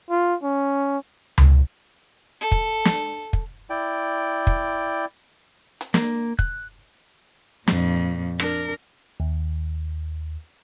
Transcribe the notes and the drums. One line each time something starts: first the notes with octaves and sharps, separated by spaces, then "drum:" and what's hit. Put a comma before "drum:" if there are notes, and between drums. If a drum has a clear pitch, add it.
F4
C#4
drum: tom C#2
A4
drum: kick
drum: snare
drum: kick
E4 D5 G5
drum: kick
drum: hi-hat
A#3, drum: snare
F#6, drum: kick
F2 A#2, drum: snare
D4 A#4, drum: rim click
D#2